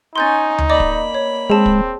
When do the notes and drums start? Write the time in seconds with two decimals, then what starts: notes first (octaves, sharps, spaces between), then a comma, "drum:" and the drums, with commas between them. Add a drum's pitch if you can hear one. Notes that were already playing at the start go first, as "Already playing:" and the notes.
0.16 C#4 D#4 G#5 C6 G6 A6
0.58 drum: tom D2
0.70 A#3 D5 D#5 B5 D6
0.80 drum: kick
1.14 C#5
1.50 G#3 C4 G#4 A5
1.66 drum: kick